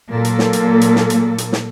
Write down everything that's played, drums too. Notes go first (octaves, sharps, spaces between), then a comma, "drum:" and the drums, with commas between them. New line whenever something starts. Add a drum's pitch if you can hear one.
A#2 F#3 A#3 A4
drum: hi-hat
drum: snare
drum: hi-hat
drum: hi-hat
drum: snare
drum: hi-hat
drum: hi-hat
drum: snare